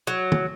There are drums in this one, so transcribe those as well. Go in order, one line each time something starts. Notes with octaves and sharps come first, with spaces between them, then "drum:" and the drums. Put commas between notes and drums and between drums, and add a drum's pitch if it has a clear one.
F#3
drum: tom